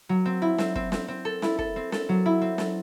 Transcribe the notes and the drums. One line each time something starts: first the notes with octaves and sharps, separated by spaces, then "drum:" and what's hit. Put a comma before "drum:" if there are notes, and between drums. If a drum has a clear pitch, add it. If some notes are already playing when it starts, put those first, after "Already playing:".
F#3
C4
E4
C4, drum: snare
C4, drum: kick
C4, drum: snare
C4
A4
E4, drum: snare
A4, drum: kick
C4
A4, drum: snare
F#3
E4
C4
A4, drum: snare